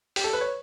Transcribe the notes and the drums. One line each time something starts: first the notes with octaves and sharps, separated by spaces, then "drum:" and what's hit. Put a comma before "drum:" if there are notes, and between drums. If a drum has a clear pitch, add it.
G4, drum: open hi-hat
A4
B4
C#5